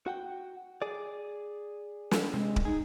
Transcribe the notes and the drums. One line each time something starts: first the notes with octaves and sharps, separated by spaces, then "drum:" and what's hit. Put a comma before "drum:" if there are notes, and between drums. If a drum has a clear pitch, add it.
F#4 F#5 G5
G#4 D5
drum: snare
C3 G#3
drum: kick D1
D#4 G#4